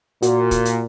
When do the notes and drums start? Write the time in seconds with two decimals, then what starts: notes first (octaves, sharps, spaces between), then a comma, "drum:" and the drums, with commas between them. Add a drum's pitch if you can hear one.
0.22 A#2 F#4, drum: hi-hat
0.51 drum: kick, hi-hat
0.65 drum: hi-hat